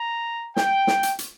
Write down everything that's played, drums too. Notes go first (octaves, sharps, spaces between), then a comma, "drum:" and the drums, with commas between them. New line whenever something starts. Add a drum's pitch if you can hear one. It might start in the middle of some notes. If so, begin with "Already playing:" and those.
Already playing: A#5
G5, drum: snare
drum: snare
drum: hi-hat
drum: hi-hat